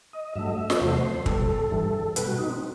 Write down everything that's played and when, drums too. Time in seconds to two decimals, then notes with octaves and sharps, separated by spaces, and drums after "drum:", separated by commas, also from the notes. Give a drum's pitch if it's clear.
0.13 D#5
0.36 G2 F#3 A3 E5
0.47 D#5
0.58 E5
0.70 D#5, drum: snare
0.75 B4
0.81 E2 C3 F#3 A3 C5
1.26 B2 G3 A4, drum: kick
1.71 G2 E3 G3
2.16 B2 G3 B4, drum: hi-hat
2.27 F#4
2.38 D#4
2.49 C4